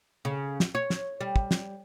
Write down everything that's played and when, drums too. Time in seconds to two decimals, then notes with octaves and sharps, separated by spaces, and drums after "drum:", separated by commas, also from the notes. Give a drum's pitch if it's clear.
0.25 C#3
0.60 drum: snare
0.75 C#5
0.90 drum: snare
1.21 G3
1.36 drum: kick
1.51 drum: snare